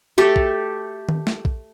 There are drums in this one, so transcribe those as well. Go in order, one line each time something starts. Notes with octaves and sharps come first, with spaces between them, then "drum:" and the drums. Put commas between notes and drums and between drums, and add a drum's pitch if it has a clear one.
A3 G4 A4
drum: kick
drum: tom D#3
drum: snare
drum: kick